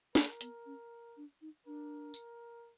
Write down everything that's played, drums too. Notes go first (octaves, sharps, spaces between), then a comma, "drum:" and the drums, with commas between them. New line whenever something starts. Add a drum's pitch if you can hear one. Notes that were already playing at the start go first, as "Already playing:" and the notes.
A#3 A#4, drum: snare
B3, drum: hi-hat
C#4
D4
D#4
D4 A#4
drum: tambourine